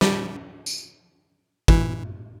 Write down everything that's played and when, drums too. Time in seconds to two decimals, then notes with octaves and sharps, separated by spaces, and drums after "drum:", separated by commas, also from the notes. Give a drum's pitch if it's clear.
0.01 G3, drum: snare
0.66 drum: tambourine
1.68 E3, drum: kick